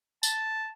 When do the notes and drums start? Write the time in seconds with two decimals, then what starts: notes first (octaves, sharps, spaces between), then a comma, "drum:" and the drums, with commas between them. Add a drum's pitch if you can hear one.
0.23 A5, drum: tambourine